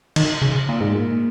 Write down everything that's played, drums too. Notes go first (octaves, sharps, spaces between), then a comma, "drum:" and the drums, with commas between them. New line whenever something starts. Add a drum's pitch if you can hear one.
D#3, drum: cymbal
C#3
A#2
G#2
A#2